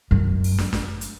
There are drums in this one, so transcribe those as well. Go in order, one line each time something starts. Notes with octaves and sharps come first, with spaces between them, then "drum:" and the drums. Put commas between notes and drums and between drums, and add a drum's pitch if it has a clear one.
F#2
drum: open hi-hat
drum: snare
drum: snare
drum: hi-hat